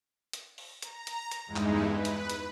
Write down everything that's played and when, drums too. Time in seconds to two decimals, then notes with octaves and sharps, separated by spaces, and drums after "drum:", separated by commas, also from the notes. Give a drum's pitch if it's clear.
0.33 drum: hi-hat
0.58 drum: open hi-hat
0.82 A#5, drum: hi-hat
1.07 drum: hi-hat
1.31 drum: hi-hat
1.47 E2 G2 G#3 D#4 E4
1.56 drum: clap
1.86 B4
2.05 drum: hi-hat
2.30 drum: hi-hat